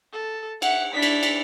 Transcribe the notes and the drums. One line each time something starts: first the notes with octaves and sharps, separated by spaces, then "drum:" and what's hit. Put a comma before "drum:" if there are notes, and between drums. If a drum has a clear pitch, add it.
A4
E5 F#5, drum: cymbal
D4 E4 B6
drum: cymbal
drum: cymbal